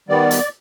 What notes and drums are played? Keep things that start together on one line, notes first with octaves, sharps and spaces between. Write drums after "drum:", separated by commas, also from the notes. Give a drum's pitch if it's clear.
D#3 G3 B3 D5
drum: hi-hat